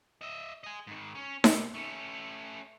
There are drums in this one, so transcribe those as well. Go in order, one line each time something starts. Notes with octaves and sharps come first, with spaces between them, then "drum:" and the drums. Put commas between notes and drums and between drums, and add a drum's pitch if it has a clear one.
D#5 E5
D#5 G#5
G#2 D#3
C#4
C3, drum: snare D#4
A3 C#4